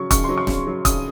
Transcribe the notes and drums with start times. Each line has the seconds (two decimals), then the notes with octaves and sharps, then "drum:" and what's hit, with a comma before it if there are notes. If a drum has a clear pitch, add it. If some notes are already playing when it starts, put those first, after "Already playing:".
Already playing: C#3 F#3 C#6
0.11 C#3 C#6, drum: kick, hi-hat
0.24 F#3 C6
0.38 C#6
0.47 C#3, drum: snare
0.67 F#3
0.85 C#3 D#6, drum: kick, hi-hat